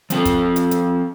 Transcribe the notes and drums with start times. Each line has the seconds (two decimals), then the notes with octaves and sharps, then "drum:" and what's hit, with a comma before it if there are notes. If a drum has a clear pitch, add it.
0.10 F3 C4 A4, drum: hi-hat
0.25 drum: kick, hi-hat
0.56 drum: hi-hat
0.71 drum: hi-hat